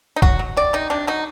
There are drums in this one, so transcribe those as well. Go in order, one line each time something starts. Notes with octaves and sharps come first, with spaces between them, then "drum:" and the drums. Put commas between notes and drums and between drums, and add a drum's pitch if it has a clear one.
D#4
F#3 F#4, drum: kick
F#3
C3 D5
C3 D#4
C3 D4
F#3 D#4